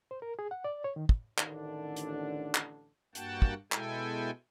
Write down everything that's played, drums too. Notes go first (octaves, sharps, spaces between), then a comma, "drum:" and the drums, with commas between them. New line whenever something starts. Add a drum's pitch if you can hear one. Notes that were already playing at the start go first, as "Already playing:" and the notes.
C5
A#4
G#4
F#5
D5
C#5
D#3
drum: kick
A1 D3 D#3 D4, drum: clap
drum: hi-hat
drum: clap
G2 A#3 F#4 F#5 G5 A5, drum: hi-hat
drum: kick
B2 G#3 E4 A4 G5 G#5, drum: clap